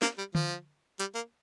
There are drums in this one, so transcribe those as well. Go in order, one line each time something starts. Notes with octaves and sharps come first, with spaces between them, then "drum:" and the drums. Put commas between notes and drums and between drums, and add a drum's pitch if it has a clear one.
A#3, drum: snare
G3
F3, drum: tom D3
G3, drum: hi-hat
A#3